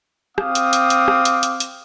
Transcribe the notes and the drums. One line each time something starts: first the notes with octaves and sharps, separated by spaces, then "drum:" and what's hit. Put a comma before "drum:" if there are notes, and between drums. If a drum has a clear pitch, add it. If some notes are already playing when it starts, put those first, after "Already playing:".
C4 F5 D6 D#6, drum: rim click
drum: hi-hat
drum: hi-hat
drum: hi-hat
drum: rim click
drum: hi-hat
drum: hi-hat
drum: hi-hat